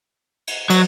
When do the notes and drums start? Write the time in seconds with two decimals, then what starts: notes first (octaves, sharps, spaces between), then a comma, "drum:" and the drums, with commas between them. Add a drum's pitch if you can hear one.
0.47 drum: cymbal
0.70 F#3, drum: cymbal